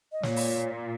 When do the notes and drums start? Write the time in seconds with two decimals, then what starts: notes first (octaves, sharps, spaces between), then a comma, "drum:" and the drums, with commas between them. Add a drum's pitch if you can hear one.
0.12 D#5
0.23 A#2 C#5, drum: snare
0.36 drum: open hi-hat